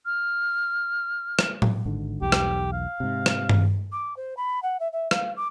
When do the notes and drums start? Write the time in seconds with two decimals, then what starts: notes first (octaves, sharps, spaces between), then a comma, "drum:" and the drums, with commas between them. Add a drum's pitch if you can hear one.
0.06 F6
1.39 drum: rim click
1.62 drum: tom A2
1.85 G#1 G#2 D3
2.22 B1 E2 G4
2.32 drum: rim click
2.73 F5
3.00 G#2 C3
3.26 drum: rim click
3.49 drum: tom G2
3.92 D6
4.16 C5
4.37 B5
4.62 F#5
4.80 E5
4.92 E5
5.11 F5, drum: rim click
5.36 D6